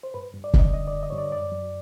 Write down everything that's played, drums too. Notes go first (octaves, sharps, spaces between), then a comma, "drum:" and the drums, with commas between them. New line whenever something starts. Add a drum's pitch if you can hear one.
C5
G2 B4
G2
D5
D3 D#5, drum: kick
D3 D#5
D5
G2
D#5
G2 C#5
D5
F#2 D5
F#3